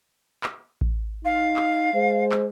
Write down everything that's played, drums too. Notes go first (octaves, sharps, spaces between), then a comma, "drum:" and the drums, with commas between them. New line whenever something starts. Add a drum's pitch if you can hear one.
drum: clap
drum: kick A1
D#4 F5
drum: clap
G#3 C5
drum: clap